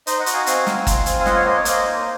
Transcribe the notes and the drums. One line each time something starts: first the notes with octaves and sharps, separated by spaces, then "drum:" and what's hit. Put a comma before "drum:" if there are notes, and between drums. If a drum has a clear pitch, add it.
D#4 C5 D#5, drum: hi-hat
D#5 F#5
F#4, drum: hi-hat
F5 G#5
C4 F5 G#5, drum: hi-hat
D#4, drum: snare
F4, drum: kick, hi-hat
C4, drum: hi-hat
F5
F4 D#5 F#5, drum: snare
C#5 F5
A#3 C5 D#5
A#4 C#5
A#3 C5 D#5, drum: hi-hat
D#4